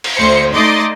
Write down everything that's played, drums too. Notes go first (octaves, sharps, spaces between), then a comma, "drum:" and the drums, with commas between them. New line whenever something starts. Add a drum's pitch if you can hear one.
drum: cymbal
D2 C5 C#7
A3 D#4 D5 D#5 C6